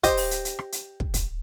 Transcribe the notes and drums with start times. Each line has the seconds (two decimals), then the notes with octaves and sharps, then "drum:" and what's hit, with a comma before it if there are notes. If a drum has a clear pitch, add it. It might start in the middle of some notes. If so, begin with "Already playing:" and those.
0.03 G4 C5 D#5, drum: kick, hi-hat
0.17 drum: open hi-hat
0.31 drum: hi-hat
0.45 drum: hi-hat
0.59 drum: rim click
0.72 drum: hi-hat
1.00 drum: kick
1.14 drum: kick, hi-hat